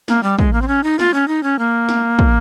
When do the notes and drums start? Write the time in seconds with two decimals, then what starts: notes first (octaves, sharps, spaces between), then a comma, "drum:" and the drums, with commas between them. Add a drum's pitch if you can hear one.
0.08 A#3, drum: snare
0.23 G3
0.39 G#3, drum: kick
0.53 A#3
0.62 C4
0.68 C#4
0.84 D#4
0.99 F4, drum: snare
1.14 C#4
1.28 D#4
1.43 C#4
1.59 A#3
1.89 drum: snare
2.19 drum: kick